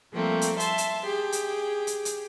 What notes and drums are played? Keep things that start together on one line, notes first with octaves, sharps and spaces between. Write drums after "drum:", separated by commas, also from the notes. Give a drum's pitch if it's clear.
F3 G3 A3 A#3 C4
drum: hi-hat
E5 A5 C6, drum: hi-hat
drum: hi-hat
G4 G#4
drum: hi-hat
drum: hi-hat
drum: hi-hat